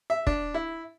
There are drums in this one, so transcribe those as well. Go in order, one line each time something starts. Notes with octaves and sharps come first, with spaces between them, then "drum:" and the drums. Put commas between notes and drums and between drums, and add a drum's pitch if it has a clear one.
E5
D4, drum: kick
E4